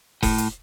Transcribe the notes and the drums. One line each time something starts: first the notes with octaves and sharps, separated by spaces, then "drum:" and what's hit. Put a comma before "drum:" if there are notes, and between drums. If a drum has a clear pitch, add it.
A2, drum: kick F#1, open hi-hat
drum: hi-hat